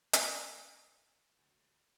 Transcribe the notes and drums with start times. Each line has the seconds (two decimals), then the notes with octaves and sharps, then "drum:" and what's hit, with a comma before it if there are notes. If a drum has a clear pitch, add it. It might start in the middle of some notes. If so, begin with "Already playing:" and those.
0.13 drum: hi-hat
1.39 D2